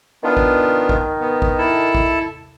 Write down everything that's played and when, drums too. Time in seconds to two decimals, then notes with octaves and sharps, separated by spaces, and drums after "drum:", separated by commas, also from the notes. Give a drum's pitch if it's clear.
0.24 D#3 B3 D4 F4
0.37 drum: kick
0.89 drum: kick
1.20 B3
1.42 drum: kick
1.58 E4 A4 A5
1.95 drum: kick